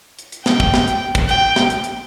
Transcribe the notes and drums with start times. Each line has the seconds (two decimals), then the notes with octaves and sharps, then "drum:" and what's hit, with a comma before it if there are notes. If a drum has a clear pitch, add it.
0.19 drum: hi-hat
0.32 drum: hi-hat
0.46 G5, drum: snare
0.60 drum: kick
0.74 drum: snare
0.87 drum: hi-hat
1.15 drum: kick, hi-hat
1.29 G5, drum: hi-hat
1.56 drum: snare
1.70 drum: hi-hat
1.84 drum: hi-hat